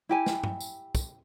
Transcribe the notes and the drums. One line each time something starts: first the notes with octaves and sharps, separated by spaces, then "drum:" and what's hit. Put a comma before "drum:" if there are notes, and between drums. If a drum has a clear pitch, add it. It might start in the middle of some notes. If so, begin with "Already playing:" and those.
E4 G4 G#5
drum: snare
drum: tom
drum: tambourine
drum: kick, tambourine